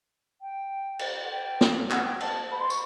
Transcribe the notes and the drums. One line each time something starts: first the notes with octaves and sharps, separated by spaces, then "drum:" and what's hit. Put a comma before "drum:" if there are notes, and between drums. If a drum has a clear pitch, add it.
G5
drum: cymbal
F#5
G5
drum: snare
F#5, drum: clap
G5
A5, drum: cymbal
B5
C6
C#6, drum: tambourine